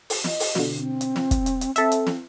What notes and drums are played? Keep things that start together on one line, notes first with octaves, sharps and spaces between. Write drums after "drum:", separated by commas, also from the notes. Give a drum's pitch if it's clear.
drum: open hi-hat
D#5, drum: snare
drum: open hi-hat
B2 D3, drum: snare
C4
drum: hi-hat
drum: snare
drum: kick, hi-hat
drum: hi-hat
drum: hi-hat
C4 A4 E5, drum: hi-hat
drum: hi-hat
drum: snare